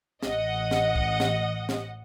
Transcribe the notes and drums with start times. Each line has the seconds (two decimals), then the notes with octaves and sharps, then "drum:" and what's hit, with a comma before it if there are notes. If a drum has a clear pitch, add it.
0.23 A1 D#5 F#5, drum: snare
0.71 drum: snare
0.96 drum: kick
1.20 drum: snare
1.69 drum: snare